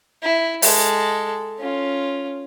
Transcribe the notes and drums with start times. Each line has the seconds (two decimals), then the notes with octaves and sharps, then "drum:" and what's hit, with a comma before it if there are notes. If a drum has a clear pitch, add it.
0.23 E4
0.62 G#3 A4, drum: open hi-hat
1.59 C#4 F4